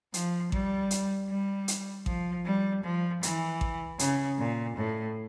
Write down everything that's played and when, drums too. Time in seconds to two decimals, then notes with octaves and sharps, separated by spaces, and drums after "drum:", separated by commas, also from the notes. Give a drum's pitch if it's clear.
0.14 F3, drum: hi-hat
0.52 G3, drum: kick A1
0.91 drum: hi-hat
1.29 G3
1.68 drum: hi-hat
2.06 F3, drum: kick A1
2.45 G3
2.84 F3
3.23 E3, drum: hi-hat
3.61 drum: kick A1
3.99 C#3, drum: hi-hat
4.38 A#2
4.77 A2